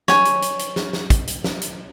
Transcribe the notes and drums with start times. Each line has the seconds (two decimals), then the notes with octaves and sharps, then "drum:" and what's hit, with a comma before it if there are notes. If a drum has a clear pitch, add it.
0.08 C#5 G#5, drum: snare
0.25 drum: hi-hat
0.42 drum: hi-hat
0.59 drum: hi-hat
0.76 drum: snare
0.93 drum: snare
1.10 drum: kick, hi-hat
1.27 drum: hi-hat
1.44 drum: snare
1.61 drum: hi-hat